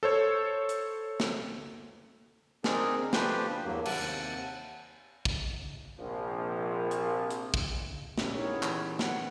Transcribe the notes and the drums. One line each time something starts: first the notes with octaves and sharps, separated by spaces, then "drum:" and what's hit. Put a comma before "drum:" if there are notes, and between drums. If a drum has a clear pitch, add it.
A4 C5 C#5
drum: hi-hat
drum: snare
C4 D4 D#4 G#4 A#4, drum: snare
F3 A3 D4 G4 B4 C5, drum: snare
E2 G2 F#3 A#3
D#2 C3 F#5 A5, drum: cymbal
drum: kick
A#1 C3 F3
drum: hi-hat
drum: hi-hat
drum: kick
A#2 G3 C#4 G4 D5 E5, drum: snare
B3 D#4 E4 G#4 A#4 C#5
E3, drum: clap
B3 F#5, drum: snare